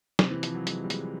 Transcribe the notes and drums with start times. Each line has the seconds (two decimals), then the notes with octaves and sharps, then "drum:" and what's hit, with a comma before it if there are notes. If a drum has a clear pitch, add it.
0.19 C3, drum: snare
0.31 E3
0.43 F3, drum: hi-hat
0.55 F#3
0.67 G#3, drum: hi-hat
0.84 G3
0.90 G#3, drum: hi-hat